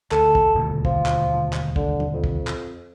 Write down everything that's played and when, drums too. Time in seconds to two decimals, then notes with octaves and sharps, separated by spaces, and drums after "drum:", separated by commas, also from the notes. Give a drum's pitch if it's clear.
0.11 D2 A4, drum: clap
0.35 drum: kick
0.55 D#1 D2 B2
0.85 F3, drum: kick
1.06 drum: clap
1.53 drum: clap
1.76 D3, drum: kick
2.00 drum: tom
2.13 F2
2.24 drum: kick
2.47 drum: clap